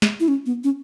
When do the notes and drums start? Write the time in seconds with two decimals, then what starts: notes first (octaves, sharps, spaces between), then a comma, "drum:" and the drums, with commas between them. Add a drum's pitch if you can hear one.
0.02 drum: snare
0.20 E4
0.28 C#4
0.46 B3
0.64 C#4